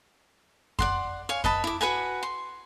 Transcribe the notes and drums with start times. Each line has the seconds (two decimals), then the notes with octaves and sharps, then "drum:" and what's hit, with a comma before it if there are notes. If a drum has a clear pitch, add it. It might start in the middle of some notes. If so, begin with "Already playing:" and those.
0.79 D5 F#5 C6, drum: kick F2
1.29 C#5 F5 G#5
1.44 B4 D#5 A5 B5, drum: kick F2
1.64 E4 D6
1.81 F#4 B4 F#5 G#5
2.23 C6